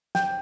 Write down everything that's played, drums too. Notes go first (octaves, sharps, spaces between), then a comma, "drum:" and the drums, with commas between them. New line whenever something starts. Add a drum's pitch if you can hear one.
G5, drum: snare